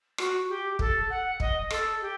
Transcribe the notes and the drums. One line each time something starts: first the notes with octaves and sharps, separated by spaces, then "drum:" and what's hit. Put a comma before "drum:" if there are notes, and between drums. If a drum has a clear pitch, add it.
F#4, drum: rim click
G4
A4, drum: kick
F#5
D#5, drum: kick
A4, drum: rim click
G4